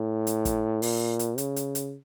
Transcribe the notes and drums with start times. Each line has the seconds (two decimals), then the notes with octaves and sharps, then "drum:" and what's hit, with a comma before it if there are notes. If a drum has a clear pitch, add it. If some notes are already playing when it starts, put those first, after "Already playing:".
Already playing: A2
0.27 drum: hi-hat
0.45 drum: kick, hi-hat
0.82 A#2, drum: open hi-hat
1.19 drum: hi-hat
1.38 C#3, drum: hi-hat
1.56 drum: hi-hat
1.75 drum: hi-hat